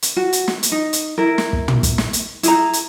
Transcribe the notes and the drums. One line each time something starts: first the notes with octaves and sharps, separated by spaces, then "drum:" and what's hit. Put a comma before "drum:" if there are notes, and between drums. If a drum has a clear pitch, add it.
drum: hi-hat
F#4
drum: hi-hat
drum: snare
drum: hi-hat
D#4
drum: hi-hat
E4 A#4
drum: snare
drum: kick
drum: tom
drum: kick, hi-hat
drum: snare
drum: hi-hat
E4 G#4 A#5, drum: hi-hat
drum: hi-hat